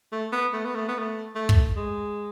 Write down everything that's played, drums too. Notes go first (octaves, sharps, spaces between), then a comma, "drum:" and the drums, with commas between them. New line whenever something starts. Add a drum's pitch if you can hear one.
A3
B3
A3
B3
A3
B3
A3
A3
drum: kick
G#3